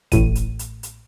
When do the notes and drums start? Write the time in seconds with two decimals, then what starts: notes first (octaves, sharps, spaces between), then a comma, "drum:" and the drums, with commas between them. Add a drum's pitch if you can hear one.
0.12 A1 A2 D#7, drum: kick, hi-hat
0.35 drum: hi-hat
0.59 drum: hi-hat
0.83 drum: hi-hat